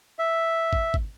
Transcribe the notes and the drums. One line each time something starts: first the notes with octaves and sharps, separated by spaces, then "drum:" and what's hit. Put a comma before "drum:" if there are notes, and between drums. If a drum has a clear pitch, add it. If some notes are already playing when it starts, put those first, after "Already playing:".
E5
drum: kick
drum: kick